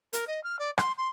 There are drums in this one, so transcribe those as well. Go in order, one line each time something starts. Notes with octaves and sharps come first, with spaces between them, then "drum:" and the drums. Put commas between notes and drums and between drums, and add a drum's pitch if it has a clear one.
A#4, drum: hi-hat
D#5
F6
D5
C6, drum: rim click
C6